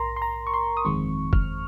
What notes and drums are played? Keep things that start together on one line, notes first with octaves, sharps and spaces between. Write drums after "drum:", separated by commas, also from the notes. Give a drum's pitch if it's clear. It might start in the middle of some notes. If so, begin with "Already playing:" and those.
Already playing: A#1 G#2 A#4 A#5 C6
C6
A#5
C#6
C6
D#6
G1 F2 D#3 G#3 C4 C#6
F6, drum: kick